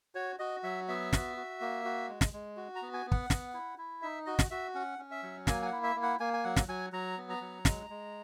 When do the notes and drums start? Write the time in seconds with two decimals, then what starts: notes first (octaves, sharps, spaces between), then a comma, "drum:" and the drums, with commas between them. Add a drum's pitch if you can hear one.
0.15 F#4 C#5
0.39 F#4 D#5
0.63 F#3 E5
0.88 B3 E5
1.13 F#4, drum: snare
1.37 F#4
1.61 A#3
1.85 F#4
2.09 G#3
2.21 drum: snare
2.33 G#3
2.57 F#4
2.75 A#5
2.82 B3
2.94 G#5
3.06 B3
3.12 F#5, drum: kick
3.30 B3, drum: snare
3.54 E4
3.78 E4
4.02 D#4 E5
4.26 F#4 D#5
4.39 drum: snare
4.51 F#4 E5
4.75 C#4 F#5
4.99 C#4
5.11 E5
5.23 F#3
5.47 A#3 G#5, drum: snare
5.62 G#5
5.65 F#5
5.72 E4
5.83 E5
5.96 A#3
6.03 F#5
6.20 A#3 G#5
6.33 G#5
6.44 F#3 F#5
6.56 drum: snare
6.68 F#3 G#5
6.93 F#3 A#5
7.18 B3
7.30 A#5
7.41 F#3
7.65 G#3, drum: snare
7.90 G#3